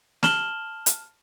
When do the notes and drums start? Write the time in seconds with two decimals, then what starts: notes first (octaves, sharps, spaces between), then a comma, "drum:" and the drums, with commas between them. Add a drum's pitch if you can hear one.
0.23 A5 F6 E7 F#7 G7, drum: snare
0.86 drum: hi-hat